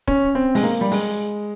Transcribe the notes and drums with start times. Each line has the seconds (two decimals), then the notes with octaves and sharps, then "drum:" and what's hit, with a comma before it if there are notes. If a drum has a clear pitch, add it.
0.07 C#4, drum: kick
0.35 C4
0.55 G#3, drum: open hi-hat
0.63 A#3
0.81 G3
0.91 G#3, drum: open hi-hat